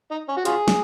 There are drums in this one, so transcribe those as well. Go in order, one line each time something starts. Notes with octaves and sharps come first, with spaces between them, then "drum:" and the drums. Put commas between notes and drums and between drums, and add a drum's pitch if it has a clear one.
D#4
C#4
F#4
C#4 F4 G#4, drum: hi-hat
drum: snare